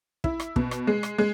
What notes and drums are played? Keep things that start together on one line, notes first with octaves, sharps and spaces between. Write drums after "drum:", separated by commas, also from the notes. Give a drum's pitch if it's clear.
E4, drum: kick
drum: rim click
B2, drum: kick
drum: rim click
G#3
drum: rim click
G#3